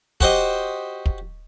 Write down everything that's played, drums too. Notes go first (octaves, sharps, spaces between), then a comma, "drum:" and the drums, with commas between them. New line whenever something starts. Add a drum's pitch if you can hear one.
F#4 G4 C5 D#5, drum: kick
drum: kick